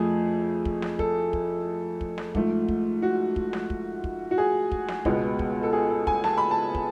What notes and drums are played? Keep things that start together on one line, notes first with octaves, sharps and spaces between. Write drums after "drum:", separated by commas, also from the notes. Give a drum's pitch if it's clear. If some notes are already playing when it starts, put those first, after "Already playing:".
Already playing: F2 F3 A3 G#4
drum: kick
drum: snare
A4, drum: kick
drum: kick
drum: kick
drum: snare
G#2 F3 A3, drum: kick
drum: kick
F#4
drum: kick
drum: snare
drum: kick
drum: kick
F#4
G#4
drum: kick
drum: snare
C#2 B2 G#3 B3, drum: kick
drum: kick
A4
G#4
A4
G#5, drum: kick
A5, drum: snare
B5
A5
drum: kick